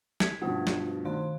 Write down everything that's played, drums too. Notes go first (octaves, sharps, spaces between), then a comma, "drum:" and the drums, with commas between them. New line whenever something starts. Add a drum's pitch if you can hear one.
G#6 B6, drum: snare
G2 B2 F3 A3 F4 F#4
drum: snare
D#3 D#4 F5 C6